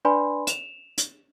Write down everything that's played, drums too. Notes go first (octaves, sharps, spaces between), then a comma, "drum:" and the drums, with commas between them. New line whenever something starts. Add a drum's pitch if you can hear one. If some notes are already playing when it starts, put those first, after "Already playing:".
D4 B4 D5 G#5 B5 C6
E7 F7, drum: hi-hat
drum: hi-hat